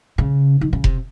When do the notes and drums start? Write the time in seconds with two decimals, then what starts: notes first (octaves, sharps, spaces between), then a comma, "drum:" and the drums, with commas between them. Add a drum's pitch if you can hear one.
0.18 C#3
0.61 D#3
0.73 C#3
0.84 C3, drum: kick F1